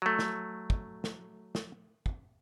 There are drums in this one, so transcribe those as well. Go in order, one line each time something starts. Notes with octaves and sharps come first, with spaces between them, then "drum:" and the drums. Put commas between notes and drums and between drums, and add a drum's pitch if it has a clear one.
F#3 A3
drum: snare
drum: kick
drum: snare
drum: snare
drum: kick